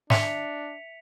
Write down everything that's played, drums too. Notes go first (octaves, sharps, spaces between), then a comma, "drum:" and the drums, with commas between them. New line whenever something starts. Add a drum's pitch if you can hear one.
D4 E5 B6 C#7 F7, drum: snare